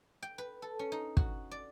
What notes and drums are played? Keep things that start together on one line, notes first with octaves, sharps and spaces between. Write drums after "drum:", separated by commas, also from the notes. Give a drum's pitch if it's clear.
G5
B4
A4
C#4
D#4
F#4, drum: kick
D5